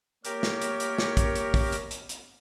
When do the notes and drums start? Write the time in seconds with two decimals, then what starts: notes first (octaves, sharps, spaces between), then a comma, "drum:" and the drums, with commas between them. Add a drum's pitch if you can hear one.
0.25 A#3 G4 A#4 C#5, drum: hi-hat
0.43 drum: snare
0.62 drum: hi-hat
0.80 drum: hi-hat
0.98 drum: snare
1.17 drum: kick, hi-hat
1.35 drum: hi-hat
1.54 drum: kick, open hi-hat
1.72 drum: hi-hat
1.91 drum: hi-hat
2.09 drum: hi-hat